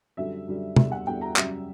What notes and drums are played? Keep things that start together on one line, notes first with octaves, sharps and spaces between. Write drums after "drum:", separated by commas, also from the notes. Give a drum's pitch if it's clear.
F#2 D3 G3 E5
F#2 D3 G3
E2 D3 G3 E5, drum: tom
F#5
E2 D3 G3 G5
A#5
F#2 C#3 G3 E5, drum: clap